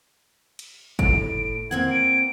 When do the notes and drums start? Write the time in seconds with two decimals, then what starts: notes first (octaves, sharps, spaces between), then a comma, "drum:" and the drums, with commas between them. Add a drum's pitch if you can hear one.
0.59 drum: cymbal
0.99 A2 D7, drum: kick
1.71 A#3 C4 F#5 G#6
1.91 D7